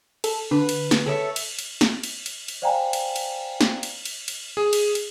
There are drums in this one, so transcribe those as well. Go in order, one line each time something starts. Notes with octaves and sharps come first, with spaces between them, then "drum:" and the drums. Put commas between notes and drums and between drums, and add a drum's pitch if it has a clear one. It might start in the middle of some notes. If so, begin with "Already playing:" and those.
A4, drum: cymbal
D3 B4
drum: cymbal
drum: snare
A4 C#5 E5
drum: cymbal
drum: cymbal
drum: snare
drum: cymbal
drum: cymbal
drum: cymbal
C5 D5 F5 G5 G#5 A#5
drum: cymbal
drum: cymbal
drum: snare
drum: cymbal
drum: cymbal
drum: cymbal
G#4
drum: cymbal
drum: cymbal